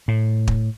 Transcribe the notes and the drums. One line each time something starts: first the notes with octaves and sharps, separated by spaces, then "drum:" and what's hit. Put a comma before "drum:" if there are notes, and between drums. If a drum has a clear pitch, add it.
A2
drum: kick